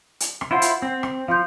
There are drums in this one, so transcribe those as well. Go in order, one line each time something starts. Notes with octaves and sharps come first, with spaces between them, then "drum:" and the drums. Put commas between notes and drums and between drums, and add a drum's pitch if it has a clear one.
drum: hi-hat
drum: rim click
E4 F4 C5 F#5 C7
drum: hi-hat
C4
drum: rim click
F3 F5 C6 G6